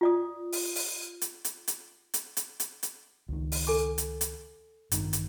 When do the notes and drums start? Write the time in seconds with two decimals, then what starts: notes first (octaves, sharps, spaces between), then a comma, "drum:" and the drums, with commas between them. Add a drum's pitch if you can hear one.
0.01 F4 D5 D#6
0.52 drum: open hi-hat
0.75 drum: open hi-hat
1.21 drum: hi-hat
1.45 drum: hi-hat
1.68 drum: hi-hat
2.14 drum: hi-hat
2.37 drum: hi-hat
2.60 drum: hi-hat
2.83 drum: hi-hat
3.29 C#2 D#3
3.52 drum: open hi-hat
3.67 A4 G#5 D6
3.98 drum: hi-hat
4.21 drum: hi-hat
4.92 A1 G2 D#3, drum: hi-hat
5.13 drum: hi-hat